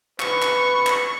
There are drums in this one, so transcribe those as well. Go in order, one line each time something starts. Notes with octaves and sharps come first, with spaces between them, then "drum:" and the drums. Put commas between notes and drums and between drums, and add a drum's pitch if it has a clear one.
B4 C#6, drum: clap
drum: clap
drum: clap